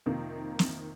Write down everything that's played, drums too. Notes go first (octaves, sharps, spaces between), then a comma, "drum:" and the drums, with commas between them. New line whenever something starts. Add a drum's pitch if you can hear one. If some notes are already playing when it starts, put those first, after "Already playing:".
F2 C3 D#3 A#3
drum: snare